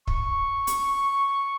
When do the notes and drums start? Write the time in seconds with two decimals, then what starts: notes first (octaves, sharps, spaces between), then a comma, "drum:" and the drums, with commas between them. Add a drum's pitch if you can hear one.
0.07 C#6, drum: kick
0.67 drum: hi-hat